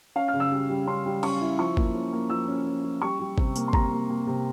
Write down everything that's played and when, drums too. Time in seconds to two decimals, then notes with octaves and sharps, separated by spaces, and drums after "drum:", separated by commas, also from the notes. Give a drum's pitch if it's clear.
0.16 C#4 F5
0.28 F6
0.33 C#3
0.40 E6
0.52 G3
0.69 G3
0.87 C#4 C6
1.06 G3
1.23 C#4 C#6, drum: cymbal
1.41 E4
1.59 F3 C#6
1.77 A#3, drum: kick G#1
1.95 C#4
2.12 A#3
2.30 F3 E6
2.48 C#4
2.66 C#4
2.84 C#4
3.02 G3 C#6
3.19 G3
3.38 C3, drum: kick G#1
3.56 A#3, drum: tambourine
3.68 C6
3.73 C3 A#5, drum: kick G#1
3.92 A#3
4.09 A#3
4.27 C3